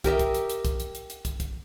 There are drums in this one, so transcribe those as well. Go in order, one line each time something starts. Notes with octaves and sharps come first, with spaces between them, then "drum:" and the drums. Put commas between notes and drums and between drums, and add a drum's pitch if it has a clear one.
G4 A#4 D#5 E5, drum: kick, hi-hat
drum: kick, hi-hat
drum: hi-hat
drum: hi-hat
drum: kick, hi-hat
drum: hi-hat
drum: hi-hat
drum: hi-hat
drum: kick, hi-hat
drum: kick, hi-hat